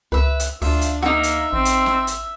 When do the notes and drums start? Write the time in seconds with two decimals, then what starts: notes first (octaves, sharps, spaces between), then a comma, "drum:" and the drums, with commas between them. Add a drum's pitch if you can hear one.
0.12 C#2 B4 E5
0.40 drum: hi-hat
0.62 D2 D4 F4 E5, drum: open hi-hat
0.81 drum: hi-hat
1.02 A#3 D#4 F#4 E5, drum: snare
1.23 drum: hi-hat
1.53 A1 C4
1.65 drum: hi-hat
1.86 drum: snare
2.07 drum: hi-hat